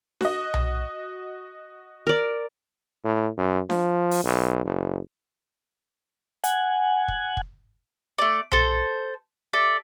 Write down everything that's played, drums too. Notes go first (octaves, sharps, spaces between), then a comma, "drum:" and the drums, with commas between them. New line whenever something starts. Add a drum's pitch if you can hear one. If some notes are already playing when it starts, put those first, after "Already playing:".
F#4 D#5, drum: snare D4
drum: tom B1
A#4 D5
A2
F#2
F3, drum: snare D4
drum: open hi-hat
B1
F#1
F#5 G#5, drum: hi-hat
drum: kick
drum: kick
A3 D5
A4 C5, drum: tom B1
A4 D5 E5